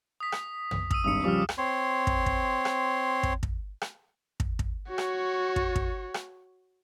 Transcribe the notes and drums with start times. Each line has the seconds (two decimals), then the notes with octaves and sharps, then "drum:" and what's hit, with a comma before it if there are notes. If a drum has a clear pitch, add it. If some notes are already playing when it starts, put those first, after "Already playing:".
0.20 D#6 B6
0.32 drum: rim click
0.71 drum: tom
0.91 D#6 E6 D#7, drum: kick
1.04 G#1 G2 D#6 C#7
1.24 C#3 F3 G3 D6 F6
1.49 drum: rim click
1.58 C4 C#5 C6
2.07 drum: kick
2.26 drum: kick
2.65 drum: rim click
3.23 drum: kick
3.43 drum: kick
3.81 drum: rim click
4.40 drum: kick
4.59 drum: kick
4.89 F#4 C#5
4.98 drum: rim click
5.56 drum: kick
5.75 drum: kick
6.14 drum: rim click